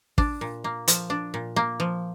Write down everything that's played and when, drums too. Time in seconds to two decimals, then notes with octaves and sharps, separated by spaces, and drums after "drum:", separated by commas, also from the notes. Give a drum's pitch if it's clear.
0.18 D4, drum: kick
0.41 A#2
0.64 A#3
0.88 F3, drum: hi-hat
1.10 D4
1.34 A#2
1.56 A#3
1.80 F3